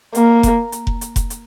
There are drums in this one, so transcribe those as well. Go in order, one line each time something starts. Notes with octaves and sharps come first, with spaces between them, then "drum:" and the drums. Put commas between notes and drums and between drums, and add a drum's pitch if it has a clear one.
A#3, drum: hi-hat
drum: kick F1, hi-hat
drum: hi-hat
drum: kick F1
drum: hi-hat
drum: kick F1, hi-hat
drum: hi-hat